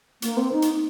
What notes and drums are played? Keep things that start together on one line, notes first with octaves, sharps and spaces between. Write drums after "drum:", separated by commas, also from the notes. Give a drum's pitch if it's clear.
A#3, drum: hi-hat
C4
D#4
drum: hi-hat